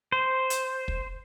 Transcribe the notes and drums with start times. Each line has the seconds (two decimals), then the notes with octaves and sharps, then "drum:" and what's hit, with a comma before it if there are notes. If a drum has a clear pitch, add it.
0.12 C5
0.50 drum: hi-hat
0.88 drum: kick